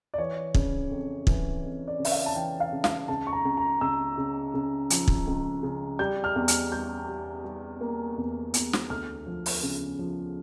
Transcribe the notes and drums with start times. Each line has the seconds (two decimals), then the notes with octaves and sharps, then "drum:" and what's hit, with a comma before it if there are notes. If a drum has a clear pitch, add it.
0.14 D5
0.18 E3 C#5
0.54 C#3, drum: kick
0.91 F2
1.27 E3, drum: kick
1.63 F2
1.88 D5
1.99 C#3
2.05 E5, drum: open hi-hat
2.12 F5
2.26 A5
2.36 E3 G5
2.60 F5
2.72 C#3
2.84 F5, drum: snare
3.08 C#2 A5
3.27 C#6
3.33 A#5
3.45 C#2
3.57 A#5
3.81 C#2 E6
4.18 C#3
4.54 C#3
4.90 F3, drum: hi-hat
5.08 drum: kick
5.27 C#2
5.63 C#3
5.99 G3 G6
6.24 F6
6.36 E2
6.48 F6, drum: hi-hat
6.72 G3 G6
7.08 G3
7.45 G3
7.81 A#3
8.18 E2
8.54 E2, drum: hi-hat
8.73 drum: snare
8.90 D2 F6
9.26 F3
9.46 drum: open hi-hat
9.63 C#3
9.99 F3